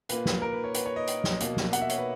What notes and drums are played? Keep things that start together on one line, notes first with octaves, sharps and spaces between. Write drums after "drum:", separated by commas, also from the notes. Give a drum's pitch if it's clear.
A#2 A#3 B4, drum: hi-hat
drum: snare
A#4
B4
C#5
B4, drum: hi-hat
C#5
D#5
drum: hi-hat
drum: snare
B2 A#3, drum: hi-hat
drum: snare
F#5, drum: hi-hat
E5
C#5, drum: hi-hat
B4